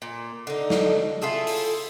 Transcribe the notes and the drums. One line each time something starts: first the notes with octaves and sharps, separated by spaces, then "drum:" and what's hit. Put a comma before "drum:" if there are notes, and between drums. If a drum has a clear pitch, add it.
A#2
D3 D#4
drum: snare
E4 F4 G#4 A4
drum: open hi-hat